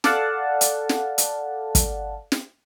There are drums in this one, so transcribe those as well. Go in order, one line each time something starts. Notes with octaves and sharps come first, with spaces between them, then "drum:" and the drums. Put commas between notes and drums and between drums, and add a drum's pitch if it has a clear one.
A4 D5 F5 F#5 A5, drum: snare
drum: hi-hat
drum: snare
drum: hi-hat
drum: kick, hi-hat
drum: snare